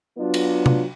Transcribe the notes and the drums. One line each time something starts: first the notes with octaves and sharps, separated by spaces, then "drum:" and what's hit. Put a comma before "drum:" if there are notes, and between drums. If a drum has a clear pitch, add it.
F#3 B3 D4 F4
drum: cymbal
drum: tom C3